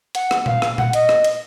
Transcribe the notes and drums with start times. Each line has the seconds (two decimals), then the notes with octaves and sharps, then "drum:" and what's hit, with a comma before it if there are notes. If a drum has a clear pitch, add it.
0.15 F#5, drum: hi-hat
0.31 drum: rim click
0.46 F5, drum: tom A#2
0.62 drum: rim click
0.78 F#5, drum: tom A#2
0.93 D#5, drum: hi-hat
1.09 drum: rim click
1.24 drum: hi-hat